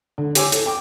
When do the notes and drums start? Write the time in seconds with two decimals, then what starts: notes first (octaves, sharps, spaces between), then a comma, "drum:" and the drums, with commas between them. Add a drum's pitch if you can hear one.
0.18 D3
0.35 G4 C#5 G#5 D6 E6, drum: hi-hat
0.52 A4, drum: hi-hat
0.66 G5 D6